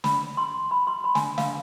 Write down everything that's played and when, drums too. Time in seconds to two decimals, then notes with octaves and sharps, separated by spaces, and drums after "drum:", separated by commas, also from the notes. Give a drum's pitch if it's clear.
0.04 B5, drum: snare
0.37 C6
0.71 B5
0.87 C6
1.04 B5
1.15 G#5, drum: snare
1.38 F5, drum: snare